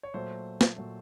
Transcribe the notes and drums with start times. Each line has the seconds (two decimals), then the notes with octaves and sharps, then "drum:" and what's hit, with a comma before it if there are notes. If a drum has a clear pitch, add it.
0.03 C#5
0.14 A#2 F#3 A3 C5
0.61 drum: snare
0.76 A#2 F#3 A3